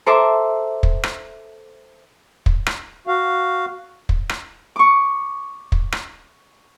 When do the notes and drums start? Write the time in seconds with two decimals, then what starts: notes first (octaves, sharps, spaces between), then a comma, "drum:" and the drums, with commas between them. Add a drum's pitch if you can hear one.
0.06 A4 C5 E5 A#5 D6
0.83 drum: kick
1.03 drum: rim click
2.46 drum: kick
2.66 drum: rim click
3.07 F#4 F5
4.09 drum: kick
4.29 drum: rim click
4.76 C#6 D6
5.72 drum: kick
5.92 drum: rim click